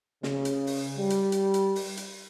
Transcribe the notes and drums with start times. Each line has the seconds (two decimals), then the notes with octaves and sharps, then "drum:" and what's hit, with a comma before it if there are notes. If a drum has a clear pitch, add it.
0.23 C#3, drum: snare
0.45 drum: hi-hat
0.67 drum: open hi-hat
0.97 G3
1.10 drum: hi-hat
1.32 drum: hi-hat
1.54 drum: hi-hat
1.76 drum: open hi-hat
1.97 drum: hi-hat